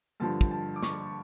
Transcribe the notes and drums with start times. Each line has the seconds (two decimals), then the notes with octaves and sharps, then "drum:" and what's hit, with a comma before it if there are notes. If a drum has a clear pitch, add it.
0.20 G2 D3 F3 A5
0.41 drum: kick
0.51 A5
0.76 D6
0.82 C#6, drum: snare